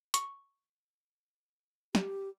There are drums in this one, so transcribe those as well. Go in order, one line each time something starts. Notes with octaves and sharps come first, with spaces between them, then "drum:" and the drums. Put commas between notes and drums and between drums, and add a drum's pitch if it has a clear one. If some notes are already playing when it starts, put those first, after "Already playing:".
C#6, drum: hi-hat
G4, drum: snare